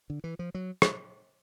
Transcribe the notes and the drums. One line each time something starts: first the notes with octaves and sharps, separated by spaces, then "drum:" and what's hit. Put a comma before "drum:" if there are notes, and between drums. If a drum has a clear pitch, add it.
D3
E3
F3
F#3
drum: rim click